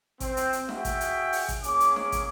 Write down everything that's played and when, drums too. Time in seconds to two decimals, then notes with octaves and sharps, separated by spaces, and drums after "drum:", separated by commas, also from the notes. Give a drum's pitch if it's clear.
0.20 C4, drum: kick, hi-hat
0.37 drum: hi-hat
0.53 drum: hi-hat
0.69 F#4 G#4 E5 F#5 G5, drum: snare
0.85 drum: kick, hi-hat
1.01 drum: hi-hat
1.32 drum: open hi-hat
1.48 drum: kick, hi-hat
1.63 A#3 C#4 G#4 D6, drum: hi-hat
1.80 drum: hi-hat
1.96 drum: snare
2.12 drum: kick, hi-hat